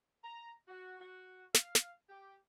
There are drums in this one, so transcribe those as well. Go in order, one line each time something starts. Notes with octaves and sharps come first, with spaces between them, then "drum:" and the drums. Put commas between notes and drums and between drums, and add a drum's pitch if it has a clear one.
A#5
F#4
F#4
F5, drum: snare
drum: snare
G4